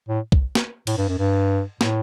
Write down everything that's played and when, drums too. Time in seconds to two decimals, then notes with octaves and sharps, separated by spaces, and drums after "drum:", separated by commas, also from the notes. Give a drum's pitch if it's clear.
0.09 A2
0.32 drum: kick
0.55 drum: snare
0.87 A2, drum: cymbal
0.98 G2
1.08 F#2
1.18 G2
1.81 A2, drum: snare